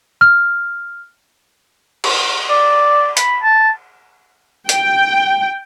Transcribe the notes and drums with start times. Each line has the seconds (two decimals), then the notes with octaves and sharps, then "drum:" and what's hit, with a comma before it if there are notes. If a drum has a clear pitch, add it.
0.21 F6
2.04 drum: cymbal
2.49 D5
3.17 B5, drum: hi-hat
3.43 A5
4.69 G5, drum: hi-hat